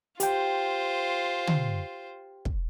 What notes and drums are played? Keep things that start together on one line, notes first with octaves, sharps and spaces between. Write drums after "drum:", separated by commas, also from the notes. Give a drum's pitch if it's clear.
F4 G4 C5 G5, drum: hi-hat
drum: tom
drum: kick